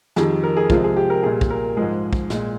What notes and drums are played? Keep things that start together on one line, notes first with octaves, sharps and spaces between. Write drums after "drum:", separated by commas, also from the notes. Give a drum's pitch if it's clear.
F2 D#3 G3 G#4, drum: snare
A#4
G#4
C3 F3 G#3 F4, drum: kick
G#4
G4
A#4
A#2 G3 G#4
drum: kick
A#4
G#2 F3 G#3 G#4
drum: kick
A#2 G#3, drum: snare